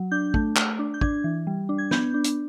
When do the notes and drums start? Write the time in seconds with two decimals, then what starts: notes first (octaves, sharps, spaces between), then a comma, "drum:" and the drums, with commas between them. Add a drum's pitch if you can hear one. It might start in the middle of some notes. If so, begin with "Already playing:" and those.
Already playing: F#3
0.11 D4 G6
0.34 A3, drum: kick
0.56 A3, drum: clap
0.79 D4
0.94 G6
1.01 D4 G#6, drum: kick
1.24 E3
1.47 G3
1.69 D4
1.78 G#6
1.91 B3 G6, drum: snare
2.14 D4
2.24 drum: hi-hat